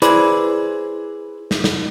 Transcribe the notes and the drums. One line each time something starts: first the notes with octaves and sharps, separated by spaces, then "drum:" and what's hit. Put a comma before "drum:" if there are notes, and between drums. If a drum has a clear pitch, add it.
E4 G#4 B4 C5 D5, drum: hi-hat
drum: snare
drum: snare